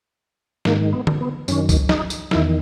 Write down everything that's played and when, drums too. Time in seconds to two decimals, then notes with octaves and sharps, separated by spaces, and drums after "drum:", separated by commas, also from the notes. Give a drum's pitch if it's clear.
0.65 G#2 D#3 A#3, drum: snare
0.93 B3
1.07 drum: tom D3
1.21 B3
1.48 F#2 D#3 C#4, drum: tambourine
1.69 drum: kick C#2, tambourine
1.89 D#4, drum: snare
2.10 drum: tambourine
2.31 E2 D#3 E4, drum: snare